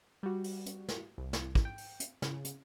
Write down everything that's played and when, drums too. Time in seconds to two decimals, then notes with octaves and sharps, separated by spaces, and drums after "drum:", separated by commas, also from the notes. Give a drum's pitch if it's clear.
0.23 G3 F#4
0.44 drum: open hi-hat
0.66 drum: hi-hat
0.89 drum: snare
1.18 C2
1.33 drum: snare
1.55 drum: kick
1.65 G5
1.78 drum: open hi-hat
2.00 drum: hi-hat
2.22 C#3, drum: snare
2.45 drum: hi-hat